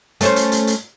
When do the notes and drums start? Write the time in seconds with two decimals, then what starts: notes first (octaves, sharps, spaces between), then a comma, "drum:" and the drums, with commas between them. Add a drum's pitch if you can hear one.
0.21 A3 C#4 C5, drum: hi-hat
0.36 drum: hi-hat
0.52 drum: hi-hat
0.67 drum: hi-hat